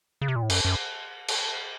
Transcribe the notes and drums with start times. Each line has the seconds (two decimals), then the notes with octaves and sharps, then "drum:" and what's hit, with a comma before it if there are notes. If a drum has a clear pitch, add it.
0.21 C#3
0.28 C3
0.36 A#2
0.43 A2
0.50 F#2, drum: cymbal
0.65 F#2
1.28 drum: cymbal